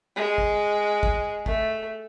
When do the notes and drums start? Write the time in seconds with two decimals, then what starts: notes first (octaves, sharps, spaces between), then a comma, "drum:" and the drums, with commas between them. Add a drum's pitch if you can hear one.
0.16 G#3
0.38 drum: kick
1.03 drum: kick
1.46 A3, drum: kick